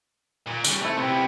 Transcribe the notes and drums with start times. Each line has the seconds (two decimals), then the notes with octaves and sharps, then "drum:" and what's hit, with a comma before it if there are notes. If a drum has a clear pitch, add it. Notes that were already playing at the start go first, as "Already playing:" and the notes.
0.46 A#2
0.64 C#3 G3, drum: tambourine
0.81 C3 A3 E4
0.96 C3 B3 C4 G5 C6